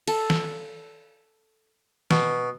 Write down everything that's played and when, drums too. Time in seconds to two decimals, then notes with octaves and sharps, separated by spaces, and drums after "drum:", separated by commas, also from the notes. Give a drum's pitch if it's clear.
0.08 A4, drum: cymbal
0.30 drum: snare
2.11 B2, drum: snare